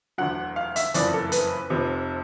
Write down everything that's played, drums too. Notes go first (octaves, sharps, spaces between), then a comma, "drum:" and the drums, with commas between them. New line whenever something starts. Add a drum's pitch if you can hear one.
E1 D2 D3 F#3 F#5
F5
E5, drum: hi-hat
F#1 F2 C#3 E3 D5, drum: hi-hat
A4
B4, drum: hi-hat
F1 F2 C3